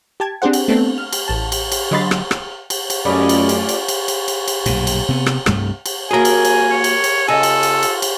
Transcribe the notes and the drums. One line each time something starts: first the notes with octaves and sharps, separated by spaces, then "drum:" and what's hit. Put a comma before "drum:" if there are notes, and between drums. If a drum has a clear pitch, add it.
G4 A5 G#6
C4 D4 G4 G#4 C5 F#5
drum: cymbal
A3 B3 C4 D4 A4
F6
drum: cymbal
A1 A5
drum: cymbal
drum: cymbal
D3 F#3 D#5 B5 C6 A6
drum: rim click
drum: rim click
drum: cymbal
drum: cymbal
F#2 G3 A3 C#4 F4 D5 D#5
drum: cymbal
drum: cymbal
drum: cymbal
drum: cymbal
drum: cymbal
drum: cymbal
drum: cymbal
B1 G2 A#2, drum: cymbal
drum: cymbal
C3 B3
drum: rim click
C2 G2 G3 A3, drum: rim click
drum: cymbal
F#3 A#3 G#4 A#4 G#5
drum: cymbal
drum: cymbal
C#5
drum: cymbal
drum: cymbal
C#3 F4 A4 D#5 G#5
drum: cymbal
drum: cymbal
drum: cymbal
drum: cymbal